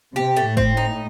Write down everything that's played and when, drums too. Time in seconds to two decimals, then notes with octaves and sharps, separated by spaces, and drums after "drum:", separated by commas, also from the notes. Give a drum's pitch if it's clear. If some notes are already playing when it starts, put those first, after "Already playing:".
0.16 C3 G4
0.37 A3
0.47 A2
0.57 C4, drum: kick
0.77 D#4